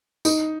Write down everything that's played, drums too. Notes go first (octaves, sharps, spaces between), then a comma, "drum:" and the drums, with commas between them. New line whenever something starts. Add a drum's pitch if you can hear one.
D#4, drum: tambourine